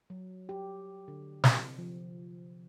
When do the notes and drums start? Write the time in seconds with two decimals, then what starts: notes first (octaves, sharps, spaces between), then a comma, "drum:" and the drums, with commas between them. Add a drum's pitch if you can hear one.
0.10 F#3
0.49 G4
1.08 D3
1.44 C3, drum: snare
1.78 F3